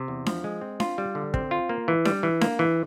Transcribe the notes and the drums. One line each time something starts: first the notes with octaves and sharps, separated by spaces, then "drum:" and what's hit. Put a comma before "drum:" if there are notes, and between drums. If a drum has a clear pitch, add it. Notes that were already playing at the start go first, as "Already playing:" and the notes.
Already playing: C3
E2
F3, drum: snare D4
G#3
C4
F4, drum: snare D4
G3
D3
C4, drum: kick
F4
A#3
E3
G3, drum: snare D4
E3
A#3, drum: snare D4
E3